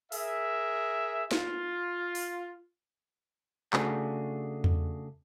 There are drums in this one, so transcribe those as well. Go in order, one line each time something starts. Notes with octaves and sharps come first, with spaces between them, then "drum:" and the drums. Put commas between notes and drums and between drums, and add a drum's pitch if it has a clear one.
G#4 A#4 E5, drum: open hi-hat
F4, drum: snare
drum: open hi-hat
C#3 A3 D4 F#4 G#4, drum: clap
drum: tom E2